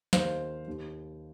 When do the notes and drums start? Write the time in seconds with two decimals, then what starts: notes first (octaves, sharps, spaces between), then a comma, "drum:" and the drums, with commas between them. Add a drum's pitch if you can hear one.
0.13 D#2 D#3 C5 F5, drum: snare
0.68 D#2 D#3